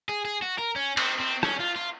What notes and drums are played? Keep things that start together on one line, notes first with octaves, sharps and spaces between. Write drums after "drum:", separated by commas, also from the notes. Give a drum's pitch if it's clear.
G#4
G#4
F#4
A#4
C#4
C4, drum: cymbal
C4
C#4, drum: rim click
F4
F4